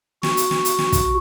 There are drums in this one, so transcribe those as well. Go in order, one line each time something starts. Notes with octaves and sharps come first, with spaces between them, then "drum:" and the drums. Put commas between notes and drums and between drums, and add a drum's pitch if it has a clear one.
F#4, drum: snare
drum: hi-hat
drum: snare
drum: hi-hat
drum: snare
drum: kick, hi-hat